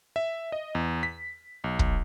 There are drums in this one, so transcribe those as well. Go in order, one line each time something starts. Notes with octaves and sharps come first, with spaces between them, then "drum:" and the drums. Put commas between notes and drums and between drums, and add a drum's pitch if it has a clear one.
E5
D#5
E2
B6
B1
drum: kick